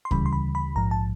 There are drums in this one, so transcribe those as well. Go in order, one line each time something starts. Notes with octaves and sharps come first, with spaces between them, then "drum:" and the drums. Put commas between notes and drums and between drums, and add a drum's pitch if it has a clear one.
C6
D2 C#3 E3 G3 B5, drum: kick
C6
B5
B5
A#1 G#2 F3 A#5
A5